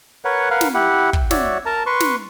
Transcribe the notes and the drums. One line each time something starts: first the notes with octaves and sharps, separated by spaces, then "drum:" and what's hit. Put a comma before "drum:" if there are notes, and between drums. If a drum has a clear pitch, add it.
A#4 B4 C#5 F#5
A#4 B4 F5 F#5
drum: snare
E4 G4 F#5
drum: kick
F#4 C#5 D5 E5, drum: snare
A#4 A5 A#5
B4 C6 C#6
drum: snare